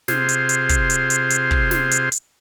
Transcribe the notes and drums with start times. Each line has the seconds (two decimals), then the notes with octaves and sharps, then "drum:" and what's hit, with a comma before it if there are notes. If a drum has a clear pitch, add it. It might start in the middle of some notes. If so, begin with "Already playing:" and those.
0.08 C3 F4 G#4 C5, drum: snare
0.29 drum: hi-hat
0.49 drum: hi-hat
0.69 drum: kick, hi-hat
0.90 drum: hi-hat
1.10 drum: hi-hat
1.30 drum: hi-hat
1.51 drum: kick
1.71 drum: snare
1.91 drum: hi-hat
2.12 drum: hi-hat